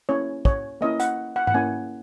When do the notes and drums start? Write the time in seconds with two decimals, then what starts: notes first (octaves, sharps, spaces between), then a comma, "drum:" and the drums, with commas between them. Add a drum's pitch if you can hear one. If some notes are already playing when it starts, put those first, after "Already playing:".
0.09 A#3 C#4 E4 C#5
0.45 C#5, drum: kick
0.81 A#3 C#4 E4 D#5
1.00 F#5, drum: hi-hat
1.36 F#5
1.47 F#5, drum: tom G#2
1.54 A#3 C#4 E4 G#5